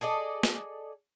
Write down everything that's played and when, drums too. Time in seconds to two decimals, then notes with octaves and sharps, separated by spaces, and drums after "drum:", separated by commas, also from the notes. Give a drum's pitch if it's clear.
0.01 G#4 A4 D5 D#5
0.43 drum: snare